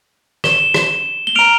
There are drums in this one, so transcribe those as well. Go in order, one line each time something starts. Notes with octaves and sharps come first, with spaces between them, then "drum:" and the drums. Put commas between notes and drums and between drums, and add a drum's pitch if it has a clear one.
E7 G7, drum: rim click
drum: rim click
G7
A#5 F6 D7 F7